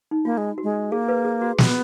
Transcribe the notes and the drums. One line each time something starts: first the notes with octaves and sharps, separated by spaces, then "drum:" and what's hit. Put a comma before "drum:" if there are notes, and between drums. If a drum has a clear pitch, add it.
D#4
A#3 F4
G#3
F#4
G#3
A#3 G#4
B4
G#4
F#4
B3 F#4, drum: snare